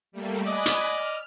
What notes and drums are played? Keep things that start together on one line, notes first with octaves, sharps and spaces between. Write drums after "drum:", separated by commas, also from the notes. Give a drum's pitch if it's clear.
G3 A3 A#3
D5 D#5 G#5 B5 F#6
drum: hi-hat
F6